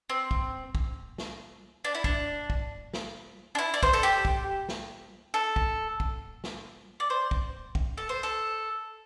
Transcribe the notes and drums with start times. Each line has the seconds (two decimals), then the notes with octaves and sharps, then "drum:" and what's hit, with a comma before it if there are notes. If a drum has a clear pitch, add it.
0.10 C4
0.31 drum: kick
0.75 drum: kick
1.18 drum: snare
1.85 D4
1.95 E4
2.04 D4, drum: kick
2.50 drum: kick
2.93 drum: snare
3.55 D4
3.59 E4
3.74 D5
3.83 C5, drum: kick
3.93 A4
4.03 G4
4.25 drum: kick
4.69 drum: snare
5.34 A4
5.56 drum: kick
6.00 drum: kick
6.44 drum: snare
7.00 D5
7.10 C5
7.31 drum: kick
7.75 drum: kick
7.98 A4
8.09 C5
8.23 A4